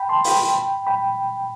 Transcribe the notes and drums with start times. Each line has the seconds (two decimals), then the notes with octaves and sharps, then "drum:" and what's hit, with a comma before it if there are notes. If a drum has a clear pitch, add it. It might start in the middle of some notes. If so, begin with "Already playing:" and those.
Already playing: G5 B5
0.09 A5 C6
0.24 G5 B5, drum: open hi-hat
0.87 G5 B5